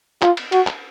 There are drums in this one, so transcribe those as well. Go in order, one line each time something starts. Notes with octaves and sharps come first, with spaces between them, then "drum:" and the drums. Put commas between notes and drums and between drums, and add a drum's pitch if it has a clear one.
F4, drum: clap
drum: cymbal
F#4, drum: cymbal
drum: clap